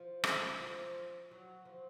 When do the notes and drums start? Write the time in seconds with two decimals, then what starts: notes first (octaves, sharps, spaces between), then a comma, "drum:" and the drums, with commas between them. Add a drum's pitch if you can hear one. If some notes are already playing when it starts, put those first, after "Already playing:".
Already playing: F3
0.24 drum: rim click
0.62 F3
1.31 F#3
1.65 F3